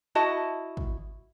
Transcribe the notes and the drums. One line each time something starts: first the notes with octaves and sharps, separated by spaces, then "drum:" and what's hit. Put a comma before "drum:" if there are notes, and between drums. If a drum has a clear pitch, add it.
E4 F#4 D#5 A5
drum: kick